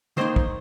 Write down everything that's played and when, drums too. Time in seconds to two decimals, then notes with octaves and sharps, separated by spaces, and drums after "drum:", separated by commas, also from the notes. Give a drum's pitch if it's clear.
0.17 D#3 A#3 D#4 C5 D#5
0.36 drum: kick